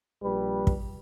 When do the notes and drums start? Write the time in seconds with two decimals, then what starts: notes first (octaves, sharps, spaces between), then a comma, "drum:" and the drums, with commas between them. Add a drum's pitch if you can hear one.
0.23 A#1 G3 B4
0.67 drum: kick